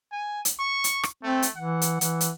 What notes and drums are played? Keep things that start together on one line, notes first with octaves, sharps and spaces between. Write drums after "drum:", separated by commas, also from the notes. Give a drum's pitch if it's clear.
G#5
drum: hi-hat
C#6
drum: hi-hat
drum: rim click
A3 C4
drum: hi-hat
E3 F#5
drum: hi-hat
E3, drum: hi-hat
drum: hi-hat